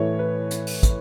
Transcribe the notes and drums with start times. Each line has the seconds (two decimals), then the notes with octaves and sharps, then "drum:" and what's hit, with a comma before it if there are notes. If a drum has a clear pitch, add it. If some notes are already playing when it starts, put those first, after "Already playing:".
Already playing: A2 E3 A3 C#5
0.19 B4
0.51 drum: hi-hat
0.67 drum: open hi-hat
0.83 drum: kick, hi-hat